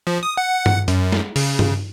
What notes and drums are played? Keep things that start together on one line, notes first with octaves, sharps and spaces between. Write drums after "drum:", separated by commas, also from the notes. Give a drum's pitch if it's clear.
F3
D#6
F#5
drum: tom G2
F#2, drum: hi-hat
drum: snare
C#3, drum: open hi-hat
drum: tom G2